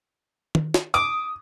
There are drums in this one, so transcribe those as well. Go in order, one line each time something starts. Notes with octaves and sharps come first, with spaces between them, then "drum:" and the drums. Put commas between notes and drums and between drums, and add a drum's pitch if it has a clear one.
drum: tom
drum: snare
D6 D#6